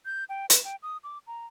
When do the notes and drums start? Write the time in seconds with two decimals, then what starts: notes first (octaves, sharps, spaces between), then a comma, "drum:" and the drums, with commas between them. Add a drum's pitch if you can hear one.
0.06 G6
0.29 G5
0.50 B4, drum: hi-hat
0.65 G5
0.83 D#6
1.04 D6
1.27 A#5